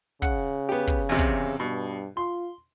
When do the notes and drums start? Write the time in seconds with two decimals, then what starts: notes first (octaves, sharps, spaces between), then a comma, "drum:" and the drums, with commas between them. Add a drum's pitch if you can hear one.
0.22 C#3 F#5, drum: kick
0.69 B3 G4
0.87 drum: kick
1.09 E2 C3
1.19 drum: kick
1.60 G2 B2
2.17 F4 C6